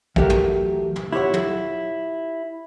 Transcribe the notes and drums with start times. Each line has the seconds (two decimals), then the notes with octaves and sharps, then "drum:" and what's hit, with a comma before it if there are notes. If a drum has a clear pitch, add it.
0.16 E3 F#3 A3 G4 A#4, drum: kick
0.30 drum: tom
0.96 drum: tom
1.13 E4 F4 G4 A4 C#5 F#5
1.33 drum: tom